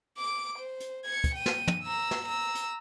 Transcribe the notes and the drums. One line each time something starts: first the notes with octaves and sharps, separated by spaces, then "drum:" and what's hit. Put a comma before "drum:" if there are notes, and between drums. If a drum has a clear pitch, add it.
D6 D7
C5
drum: hi-hat
G#6 C#7
drum: kick, hi-hat
G5 D#7
drum: snare
drum: tom
A#5 E6
drum: snare
A#5 E6
drum: hi-hat